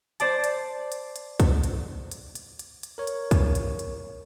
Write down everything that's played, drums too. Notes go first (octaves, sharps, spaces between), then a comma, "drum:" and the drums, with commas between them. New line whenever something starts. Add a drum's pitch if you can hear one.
C5 D5 A5, drum: hi-hat
drum: hi-hat
drum: hi-hat
drum: hi-hat
drum: kick, hi-hat
drum: hi-hat
drum: hi-hat
drum: hi-hat
drum: hi-hat
drum: hi-hat
A#4 C#5
drum: hi-hat
drum: kick, hi-hat
drum: hi-hat
drum: hi-hat